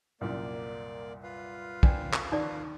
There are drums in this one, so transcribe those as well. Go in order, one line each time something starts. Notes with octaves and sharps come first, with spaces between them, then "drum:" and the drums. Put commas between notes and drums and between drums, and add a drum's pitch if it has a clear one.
C2 F#2 A#2 A#3 D5
F4 B4 F5
D5 G5 G#5, drum: kick
drum: clap
D#2 D#4 D5